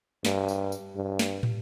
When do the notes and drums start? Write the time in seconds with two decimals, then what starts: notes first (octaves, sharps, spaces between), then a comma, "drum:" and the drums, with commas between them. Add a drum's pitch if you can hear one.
0.25 G2, drum: snare
0.48 drum: tambourine
0.72 drum: tambourine
0.96 G2
1.19 drum: snare
1.43 drum: tom